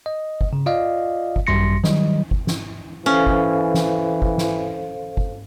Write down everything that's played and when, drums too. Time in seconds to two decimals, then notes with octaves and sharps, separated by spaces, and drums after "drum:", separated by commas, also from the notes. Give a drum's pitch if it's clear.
0.06 D#5
0.41 drum: kick
0.53 C#3
0.66 F4 D5 D#5 F5
1.36 drum: kick
1.47 G#1 F#2 G3 C6 A#6 C#7
1.84 D#3 F#3 G3 D#5, drum: snare
2.31 drum: kick
2.47 drum: snare
3.06 E3 C#4 A4 C5 F5
3.27 drum: kick
3.74 drum: snare
4.22 drum: kick
4.38 drum: snare
5.17 drum: kick